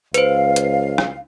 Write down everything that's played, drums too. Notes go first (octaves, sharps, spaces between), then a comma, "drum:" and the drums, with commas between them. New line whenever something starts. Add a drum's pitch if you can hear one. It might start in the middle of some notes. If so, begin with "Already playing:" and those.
C#2 B4 C5 F5, drum: hi-hat
drum: hi-hat
drum: rim click